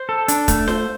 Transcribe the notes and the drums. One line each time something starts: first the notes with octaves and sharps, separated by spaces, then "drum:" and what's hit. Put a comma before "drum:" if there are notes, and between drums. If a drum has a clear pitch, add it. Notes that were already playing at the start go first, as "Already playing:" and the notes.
Already playing: C5
A4
D4, drum: hi-hat
A3, drum: kick E1, hi-hat
C5, drum: snare F4